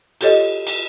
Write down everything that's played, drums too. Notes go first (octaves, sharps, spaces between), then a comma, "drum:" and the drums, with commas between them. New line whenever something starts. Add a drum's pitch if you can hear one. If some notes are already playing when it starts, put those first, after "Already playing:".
F4 G4 A4 C#5 D#5, drum: cymbal
drum: cymbal